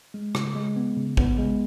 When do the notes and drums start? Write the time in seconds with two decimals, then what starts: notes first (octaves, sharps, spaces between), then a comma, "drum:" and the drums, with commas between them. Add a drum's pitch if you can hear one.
0.14 G#3
0.35 C#3, drum: rim click
0.55 G#3
0.76 B3
0.97 C#3
1.17 B3, drum: kick A1
1.38 G#3